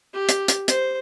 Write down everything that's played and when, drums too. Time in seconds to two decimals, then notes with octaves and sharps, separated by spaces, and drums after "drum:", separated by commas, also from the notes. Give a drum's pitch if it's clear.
0.13 G4
0.29 drum: hi-hat
0.48 drum: hi-hat
0.68 C5, drum: hi-hat